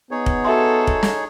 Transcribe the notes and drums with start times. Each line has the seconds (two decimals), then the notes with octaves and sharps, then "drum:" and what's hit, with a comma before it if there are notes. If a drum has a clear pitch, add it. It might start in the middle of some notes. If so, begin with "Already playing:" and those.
0.11 B3 D#4 G#4 C#5
0.26 drum: kick
0.45 F#4 A4 E5 C6
0.87 drum: kick
1.03 drum: snare